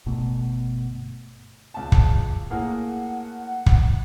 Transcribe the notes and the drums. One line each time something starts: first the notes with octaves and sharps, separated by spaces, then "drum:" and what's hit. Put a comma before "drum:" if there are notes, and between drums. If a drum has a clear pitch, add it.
G1 B2 A3 B3
C#2 A5
drum: kick
A2 A#3 G#4 F#5
drum: kick